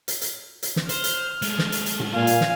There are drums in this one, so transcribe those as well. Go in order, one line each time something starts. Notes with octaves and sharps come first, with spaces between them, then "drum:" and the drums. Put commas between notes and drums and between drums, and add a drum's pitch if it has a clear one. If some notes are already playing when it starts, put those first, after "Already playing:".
drum: hi-hat
drum: hi-hat
drum: hi-hat
drum: snare
C5 F6, drum: hi-hat
drum: hi-hat
G#3 A3, drum: hi-hat
drum: snare
drum: hi-hat
drum: hi-hat
drum: tom A2
A#2 F5 G#5
drum: hi-hat
drum: snare